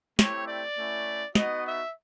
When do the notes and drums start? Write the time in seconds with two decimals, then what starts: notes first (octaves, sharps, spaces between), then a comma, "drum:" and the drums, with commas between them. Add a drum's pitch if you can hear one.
0.19 A3 C4 E4 G4 C#5, drum: snare
0.48 D5
0.77 A3 C#4 E4
1.35 B3 D#4 F#4 D#5, drum: snare
1.65 E5